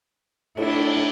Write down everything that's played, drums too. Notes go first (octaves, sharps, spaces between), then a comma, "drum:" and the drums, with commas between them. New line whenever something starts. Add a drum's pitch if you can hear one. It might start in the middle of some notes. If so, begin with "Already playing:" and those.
A2 D4 E4, drum: cymbal